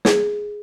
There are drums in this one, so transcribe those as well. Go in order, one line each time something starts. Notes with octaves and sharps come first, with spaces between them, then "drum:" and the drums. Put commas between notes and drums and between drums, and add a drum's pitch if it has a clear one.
G#4, drum: snare